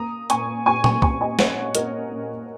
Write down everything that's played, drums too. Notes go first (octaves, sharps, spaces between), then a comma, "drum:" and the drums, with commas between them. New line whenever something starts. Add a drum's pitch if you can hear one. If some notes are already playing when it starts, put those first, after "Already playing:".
Already playing: A#3 A#5 D#6
A#2 G#5 C#6, drum: hi-hat
A#2 G#5 C#6
G#5 C#6, drum: tom A#2
A#2 G#5 C#6, drum: kick
D#5 G#5
A#3 C#5 F#5, drum: snare
A#3 A#4 D#5, drum: hi-hat
A#2